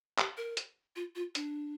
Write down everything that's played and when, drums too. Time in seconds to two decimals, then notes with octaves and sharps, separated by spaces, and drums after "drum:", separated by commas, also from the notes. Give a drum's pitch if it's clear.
0.18 G4, drum: clap
0.37 A#4
0.57 drum: hi-hat
0.96 F4
1.15 F4
1.35 D4, drum: hi-hat